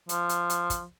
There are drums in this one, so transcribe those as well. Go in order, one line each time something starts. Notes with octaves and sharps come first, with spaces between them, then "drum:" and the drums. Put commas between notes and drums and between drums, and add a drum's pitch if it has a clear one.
F3, drum: hi-hat
drum: hi-hat
drum: hi-hat
drum: kick, hi-hat